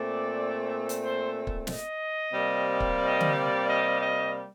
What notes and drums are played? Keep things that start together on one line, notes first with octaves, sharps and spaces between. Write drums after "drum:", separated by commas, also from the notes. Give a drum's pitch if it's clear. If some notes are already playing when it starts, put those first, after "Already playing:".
Already playing: A#2 A3 C4 D5
drum: hi-hat
C5
drum: kick
D#5, drum: snare
C3 G3 A#3
drum: kick
D#5
drum: tom D3
D5
D#5
D#5